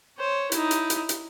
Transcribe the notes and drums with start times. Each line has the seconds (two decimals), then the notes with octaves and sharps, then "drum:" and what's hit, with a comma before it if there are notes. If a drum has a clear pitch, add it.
0.18 C5 C#5
0.52 D#4 E4, drum: hi-hat
0.71 drum: hi-hat
0.90 drum: hi-hat
1.09 drum: hi-hat